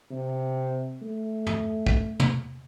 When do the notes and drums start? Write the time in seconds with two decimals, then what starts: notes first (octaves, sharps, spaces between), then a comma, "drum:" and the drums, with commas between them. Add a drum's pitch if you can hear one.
0.11 C3
1.02 A3
1.46 drum: tom
1.87 drum: kick
2.20 drum: tom